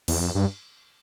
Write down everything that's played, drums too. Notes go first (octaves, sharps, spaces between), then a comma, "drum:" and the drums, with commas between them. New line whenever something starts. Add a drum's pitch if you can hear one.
E2, drum: cymbal
F2
G2